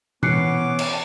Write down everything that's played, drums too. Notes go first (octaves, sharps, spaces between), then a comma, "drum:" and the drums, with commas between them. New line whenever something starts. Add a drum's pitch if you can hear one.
E3 B3 C#4 D6 F#6 C7 C#7, drum: tom B2
drum: cymbal